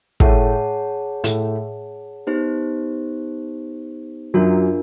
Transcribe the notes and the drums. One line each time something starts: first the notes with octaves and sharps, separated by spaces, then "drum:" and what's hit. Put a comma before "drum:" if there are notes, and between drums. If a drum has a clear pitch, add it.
A2 A3 G#4 C#5 F#5 A5, drum: kick
A2 A3, drum: hi-hat
B3 D#4 G4 C5
F#2 F#3 D4 F4 A#4